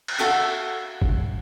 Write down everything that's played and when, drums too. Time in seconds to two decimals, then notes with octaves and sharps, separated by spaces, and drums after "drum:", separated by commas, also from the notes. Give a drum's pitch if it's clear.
0.08 drum: cymbal
0.19 F#4 A4 E5 F5
1.02 drum: kick G#1